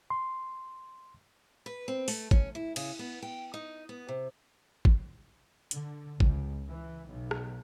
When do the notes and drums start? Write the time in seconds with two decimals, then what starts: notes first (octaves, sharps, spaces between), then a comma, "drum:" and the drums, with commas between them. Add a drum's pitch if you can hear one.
0.10 C6
1.66 B4
1.88 C4
2.08 A3, drum: open hi-hat
2.31 C#4, drum: kick
2.55 E4
2.76 C#3, drum: cymbal
2.99 B3
3.22 G5
3.54 D#4
3.89 B3
4.09 C3
4.85 drum: kick
5.71 D3, drum: hi-hat
6.20 C#2, drum: kick
6.65 E3
7.06 B1
7.31 drum: rim click